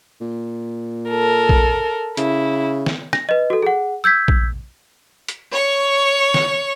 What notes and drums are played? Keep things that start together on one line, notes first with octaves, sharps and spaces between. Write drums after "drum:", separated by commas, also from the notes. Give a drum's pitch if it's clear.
A#2
A4 A#4
drum: kick A#1
C#3 E4, drum: hi-hat
drum: snare
A#6, drum: rim click
B4 D#5
F#4 A4
G#4 F#5
E6 G6 G#6 B6
drum: kick A#1
drum: hi-hat
C#5 C#6
drum: snare